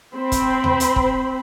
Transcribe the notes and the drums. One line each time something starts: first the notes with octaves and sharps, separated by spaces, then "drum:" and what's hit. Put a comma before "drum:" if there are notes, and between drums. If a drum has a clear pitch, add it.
C4 C5 B5
drum: kick, hi-hat
drum: tom D#2
drum: hi-hat
drum: kick